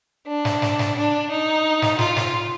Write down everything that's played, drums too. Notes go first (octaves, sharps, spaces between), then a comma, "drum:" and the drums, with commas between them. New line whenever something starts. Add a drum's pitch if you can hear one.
D4
drum: snare
drum: snare
drum: snare
D4
D#4
drum: snare
F4, drum: snare
drum: snare